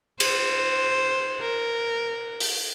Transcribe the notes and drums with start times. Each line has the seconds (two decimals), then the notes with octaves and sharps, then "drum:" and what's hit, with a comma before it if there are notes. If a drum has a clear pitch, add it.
0.20 C5, drum: cymbal
1.40 A#4
2.40 drum: open hi-hat